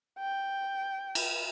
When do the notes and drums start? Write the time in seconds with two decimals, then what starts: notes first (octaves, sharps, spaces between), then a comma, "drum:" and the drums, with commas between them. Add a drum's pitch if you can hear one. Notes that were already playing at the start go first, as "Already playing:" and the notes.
0.19 G5
1.15 drum: cymbal